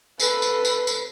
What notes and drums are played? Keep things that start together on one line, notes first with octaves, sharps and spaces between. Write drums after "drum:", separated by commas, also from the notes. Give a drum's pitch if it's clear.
A4 B4, drum: tambourine
drum: tambourine
drum: tambourine
drum: tambourine